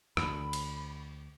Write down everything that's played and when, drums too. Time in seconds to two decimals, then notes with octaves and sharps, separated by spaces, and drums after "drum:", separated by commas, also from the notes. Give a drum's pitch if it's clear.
0.17 D2 B5, drum: rim click
0.53 drum: cymbal